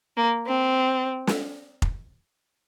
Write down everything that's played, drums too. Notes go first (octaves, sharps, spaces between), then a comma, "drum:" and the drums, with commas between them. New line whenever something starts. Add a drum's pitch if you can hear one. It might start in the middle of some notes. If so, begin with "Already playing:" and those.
A#3
C4
drum: snare
drum: kick